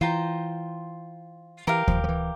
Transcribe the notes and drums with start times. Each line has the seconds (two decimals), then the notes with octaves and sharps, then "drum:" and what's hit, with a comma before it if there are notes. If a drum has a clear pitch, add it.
0.01 E3 F4 C5 G5 A#5
1.67 E3 G4 A#4 F5
1.88 F3, drum: kick D2
2.04 F3
2.08 E3